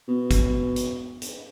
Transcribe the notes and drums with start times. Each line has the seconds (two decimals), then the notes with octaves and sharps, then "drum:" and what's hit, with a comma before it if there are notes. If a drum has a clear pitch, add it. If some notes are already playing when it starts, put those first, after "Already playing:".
0.08 B2
0.31 drum: kick, hi-hat
0.76 drum: hi-hat
1.22 drum: hi-hat